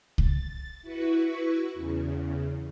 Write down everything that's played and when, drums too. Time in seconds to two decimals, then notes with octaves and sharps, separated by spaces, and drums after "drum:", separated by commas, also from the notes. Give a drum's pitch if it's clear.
0.18 A6, drum: kick C2
0.82 E4 F#4 B4 C#6
1.74 E2 C#3